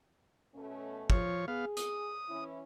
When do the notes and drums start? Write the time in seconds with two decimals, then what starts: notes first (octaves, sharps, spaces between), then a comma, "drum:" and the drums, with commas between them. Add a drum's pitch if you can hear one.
0.55 B2 A3 C#4
1.10 F3 C#5, drum: kick
1.48 B3 G#4 F5
1.77 D#6, drum: hi-hat
2.29 E3 C#4 E4